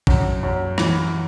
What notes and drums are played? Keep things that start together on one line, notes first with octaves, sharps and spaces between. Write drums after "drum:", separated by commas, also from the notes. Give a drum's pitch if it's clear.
F#2, drum: kick
F#2
E3, drum: rim click